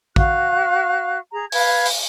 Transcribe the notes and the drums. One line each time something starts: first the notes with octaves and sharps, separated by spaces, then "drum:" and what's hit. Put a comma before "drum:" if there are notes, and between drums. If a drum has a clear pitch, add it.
F#4 F5 F#6, drum: kick
G#4 A#5
B4 F5 G#6, drum: open hi-hat
drum: open hi-hat